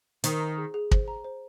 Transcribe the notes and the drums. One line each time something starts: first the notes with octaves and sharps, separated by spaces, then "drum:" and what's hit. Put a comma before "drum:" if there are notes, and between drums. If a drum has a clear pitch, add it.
D#3 C5, drum: hi-hat
A#5
G#4
G#4
C5, drum: kick
A#5
C5